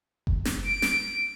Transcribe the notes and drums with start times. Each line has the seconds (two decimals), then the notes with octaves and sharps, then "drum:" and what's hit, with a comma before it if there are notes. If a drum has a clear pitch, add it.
0.27 drum: kick F#1
0.45 drum: snare
0.64 D7
0.82 drum: snare